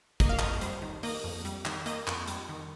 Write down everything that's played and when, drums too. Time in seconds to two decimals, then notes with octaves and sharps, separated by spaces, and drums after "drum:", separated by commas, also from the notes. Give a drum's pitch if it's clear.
0.20 A#3 D#5, drum: kick, hi-hat
0.29 F5
0.39 F2 D#5, drum: clap
0.61 G3 C5, drum: hi-hat
0.82 D#3
1.03 A#3 D#5, drum: open hi-hat
1.24 F2
1.45 G3, drum: hi-hat
1.65 D#3, drum: clap
1.86 A#3 D#5, drum: hi-hat
2.07 F2, drum: clap
2.28 G3, drum: hi-hat
2.49 D#3